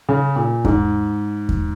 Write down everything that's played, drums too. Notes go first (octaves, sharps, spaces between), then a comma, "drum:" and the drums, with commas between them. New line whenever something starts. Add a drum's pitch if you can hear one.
C#3
A#2
G#2, drum: kick E2
drum: kick E2